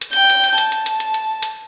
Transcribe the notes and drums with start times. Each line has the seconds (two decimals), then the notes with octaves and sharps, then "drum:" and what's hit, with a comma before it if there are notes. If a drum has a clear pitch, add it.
0.01 drum: hi-hat
0.13 G5 G6, drum: hi-hat
0.30 drum: hi-hat
0.44 drum: open hi-hat
0.58 A5, drum: hi-hat
0.72 drum: hi-hat
0.86 drum: hi-hat
1.00 drum: hi-hat
1.14 drum: hi-hat
1.42 drum: hi-hat